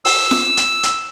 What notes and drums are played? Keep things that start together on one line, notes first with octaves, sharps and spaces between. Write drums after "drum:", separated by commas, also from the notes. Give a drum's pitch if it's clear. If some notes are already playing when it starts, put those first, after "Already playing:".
E6, drum: open hi-hat
drum: snare
drum: hi-hat
drum: hi-hat